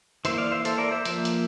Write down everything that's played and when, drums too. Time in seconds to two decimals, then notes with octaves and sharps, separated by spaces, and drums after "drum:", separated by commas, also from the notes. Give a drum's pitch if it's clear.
0.25 E3 A#3 C5 E5, drum: hi-hat
0.38 D5 F5
0.52 C5 E5
0.65 A4 C5, drum: hi-hat
0.78 A#4 D5
0.91 C5 E5
1.05 F3 A#3, drum: hi-hat
1.25 drum: hi-hat